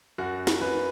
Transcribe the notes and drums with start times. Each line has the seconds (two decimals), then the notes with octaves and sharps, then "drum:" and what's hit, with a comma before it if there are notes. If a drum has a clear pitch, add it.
0.18 F#2 F#4
0.47 drum: snare
0.61 F#2 B4